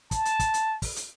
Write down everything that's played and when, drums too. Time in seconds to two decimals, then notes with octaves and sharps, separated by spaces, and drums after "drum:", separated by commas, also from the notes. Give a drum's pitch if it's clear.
0.11 A5, drum: kick, hi-hat
0.25 drum: hi-hat
0.40 drum: kick, hi-hat
0.54 drum: hi-hat
0.82 drum: kick, open hi-hat
0.96 drum: hi-hat